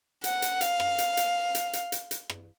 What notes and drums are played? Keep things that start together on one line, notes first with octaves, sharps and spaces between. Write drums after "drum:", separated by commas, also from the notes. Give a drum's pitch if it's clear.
F#5, drum: hi-hat
drum: hi-hat
F5, drum: hi-hat
drum: rim click
drum: hi-hat
drum: hi-hat
drum: hi-hat
drum: hi-hat
drum: hi-hat
drum: hi-hat
drum: rim click